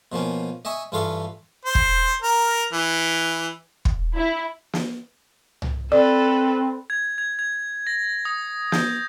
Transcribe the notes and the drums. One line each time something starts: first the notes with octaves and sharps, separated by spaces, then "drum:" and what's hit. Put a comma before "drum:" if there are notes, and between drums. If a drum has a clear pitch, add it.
B2 F3 A#3 C#4
D#5 E5 G#5 C#6 D#6
G2 E3 F4 A4 F5 C#6
C5
drum: kick
A#4
E3
drum: kick
E4
drum: snare
drum: tom C2
C4 A4 B4 D5
G#6
G#6
G#6
A#6
D#6
G6, drum: snare